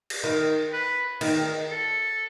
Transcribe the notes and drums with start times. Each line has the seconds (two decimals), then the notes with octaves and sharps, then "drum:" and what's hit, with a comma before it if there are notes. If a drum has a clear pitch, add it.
0.10 drum: cymbal
0.24 D#3
0.73 B4
1.21 D#3, drum: cymbal
1.71 A4